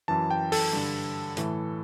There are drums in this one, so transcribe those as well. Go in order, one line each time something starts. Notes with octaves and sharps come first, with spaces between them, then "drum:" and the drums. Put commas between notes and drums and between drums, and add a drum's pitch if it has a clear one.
F#2 E3 A5
G5
A4, drum: open hi-hat
G2 D3
A2 E3, drum: hi-hat